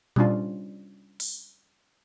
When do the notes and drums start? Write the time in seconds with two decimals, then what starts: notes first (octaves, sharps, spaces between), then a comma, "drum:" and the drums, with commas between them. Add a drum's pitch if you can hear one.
0.16 G3 C#4 D4 F4, drum: tom A#2
1.20 drum: open hi-hat